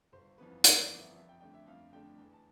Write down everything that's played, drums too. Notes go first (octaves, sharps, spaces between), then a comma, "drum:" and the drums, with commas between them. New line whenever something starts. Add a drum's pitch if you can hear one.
G1 C5
F2 E3 B3 B4
G1 C5, drum: hi-hat
D5
F2 E3 B3
E5
F2 E5
G5
D3 A3 D4 G5
E5
F2 F5
D3 A3 D4 G5
E2
A5